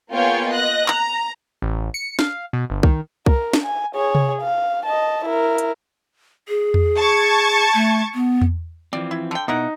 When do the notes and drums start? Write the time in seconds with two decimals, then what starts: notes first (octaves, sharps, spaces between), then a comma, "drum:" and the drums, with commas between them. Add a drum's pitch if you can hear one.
0.12 A#3 B3 F4 G#4 C#5 G5
0.51 D#5 F#6 A#6
0.88 A#5, drum: clap
1.62 A1
1.94 C#7
2.19 F5, drum: snare
2.53 B2
2.70 G1
2.83 D#3, drum: kick C2
3.26 A#4, drum: kick C2
3.53 drum: snare
3.64 G#5
3.95 G#4 C#5
4.15 drum: tom C3
4.41 F5
4.86 D#5 A5
5.25 E4 A#4
5.58 drum: hi-hat
6.49 G#4
6.74 drum: tom E2
6.98 A5 C#6 G#6
7.74 A3
8.14 B3
8.42 drum: tom E2
8.93 E3 F3 C4 D5
9.11 E4
9.31 D3 G5
9.48 B2 D#4 E4 A#4 F#5